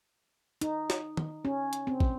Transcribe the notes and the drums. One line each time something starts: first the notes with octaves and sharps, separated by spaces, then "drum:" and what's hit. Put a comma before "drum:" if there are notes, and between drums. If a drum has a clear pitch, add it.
D#4, drum: hi-hat
drum: snare
drum: tom
C#4
drum: hi-hat
C4
drum: kick